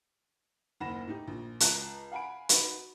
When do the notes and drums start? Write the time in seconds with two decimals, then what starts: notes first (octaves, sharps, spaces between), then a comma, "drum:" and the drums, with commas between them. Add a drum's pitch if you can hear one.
0.80 F#1 D#2 F#5 B5 A#6 E7
1.07 A2 D#4 G4
1.27 A#1
1.60 C#2 A5 A#5 F#6 E7, drum: hi-hat
2.12 F5 F#5 G#5 B5 D7
2.49 D#4 F#4 B4, drum: hi-hat